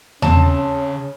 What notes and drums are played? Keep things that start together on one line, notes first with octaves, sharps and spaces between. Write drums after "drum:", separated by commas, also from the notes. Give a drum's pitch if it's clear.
C#3 C4 C#4 A5, drum: tom E2